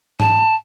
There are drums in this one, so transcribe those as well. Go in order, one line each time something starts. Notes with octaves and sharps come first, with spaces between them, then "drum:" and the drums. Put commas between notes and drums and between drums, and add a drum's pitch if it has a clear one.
A5, drum: tom G#2